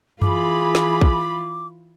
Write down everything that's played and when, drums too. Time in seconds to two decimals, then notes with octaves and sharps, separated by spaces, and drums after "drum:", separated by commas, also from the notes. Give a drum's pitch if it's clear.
0.22 E3 F4 G#4 B5 D6, drum: tom F#2
0.75 drum: snare
1.01 drum: kick